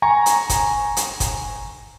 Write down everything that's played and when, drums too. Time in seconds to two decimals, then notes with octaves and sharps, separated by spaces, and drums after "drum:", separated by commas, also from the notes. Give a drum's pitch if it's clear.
0.02 G#5 A#5 C#6
0.26 drum: hi-hat
0.49 drum: kick, hi-hat
0.97 drum: hi-hat
1.20 drum: kick, hi-hat